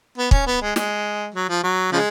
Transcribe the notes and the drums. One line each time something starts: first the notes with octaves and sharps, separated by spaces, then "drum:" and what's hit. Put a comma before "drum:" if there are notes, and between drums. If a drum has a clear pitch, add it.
B3
C#4, drum: kick
B3
G#3
G#3, drum: snare
F#3
F3
F#3
C#3 F3 G#3